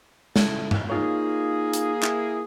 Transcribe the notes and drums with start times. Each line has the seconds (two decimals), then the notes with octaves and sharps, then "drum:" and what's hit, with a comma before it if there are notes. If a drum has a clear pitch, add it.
0.36 C#3 E4 A4, drum: snare
0.71 drum: tom G2
0.90 A#3 D#4 F4 G#4 C#5
1.73 drum: hi-hat
2.03 E4, drum: clap